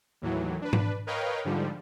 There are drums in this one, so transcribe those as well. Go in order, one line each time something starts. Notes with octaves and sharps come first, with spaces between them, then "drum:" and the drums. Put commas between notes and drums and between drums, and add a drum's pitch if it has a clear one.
D#2 A2 E3 F#3
D4 B4
drum: tom G#2
A#4 B4 C#5 D#5 F5 G5
G#2 D3 F3 G3